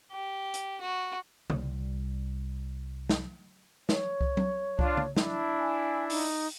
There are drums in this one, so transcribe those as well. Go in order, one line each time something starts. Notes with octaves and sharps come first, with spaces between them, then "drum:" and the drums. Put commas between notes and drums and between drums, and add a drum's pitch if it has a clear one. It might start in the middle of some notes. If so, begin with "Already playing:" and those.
G4
drum: hi-hat
F#4
C2 G3, drum: tom C#3
drum: snare
C#5, drum: snare
drum: kick C2
drum: tom F#3
D4 F4, drum: kick C2
drum: tom C#3
D4 E4, drum: snare
G#5
D#4, drum: open hi-hat